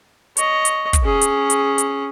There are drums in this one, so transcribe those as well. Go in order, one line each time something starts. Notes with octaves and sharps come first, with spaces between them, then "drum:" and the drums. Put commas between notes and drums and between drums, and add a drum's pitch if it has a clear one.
C#5 D#5, drum: hi-hat
drum: hi-hat
drum: kick, hi-hat
C#4 G#4
drum: hi-hat
drum: hi-hat
drum: hi-hat